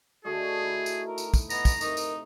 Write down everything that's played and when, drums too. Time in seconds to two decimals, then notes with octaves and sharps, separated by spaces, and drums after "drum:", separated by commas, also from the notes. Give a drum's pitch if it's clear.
0.25 D3 A3 F#4 G#4 D#5
0.62 D#4 E4
0.86 drum: tambourine
1.07 A#4
1.18 drum: tambourine
1.34 drum: kick, tambourine
1.50 B3 D#5 A#5, drum: tambourine
1.65 drum: kick, tambourine
1.81 C3 D#4 A#4 C#6, drum: tambourine
1.97 drum: tambourine